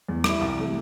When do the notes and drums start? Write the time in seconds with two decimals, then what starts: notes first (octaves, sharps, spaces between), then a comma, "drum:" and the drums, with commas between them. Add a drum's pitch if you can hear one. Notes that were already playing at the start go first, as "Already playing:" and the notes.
0.09 E2
0.24 E3 G3 E4, drum: rim click
0.41 C2
0.57 C3 E3 A3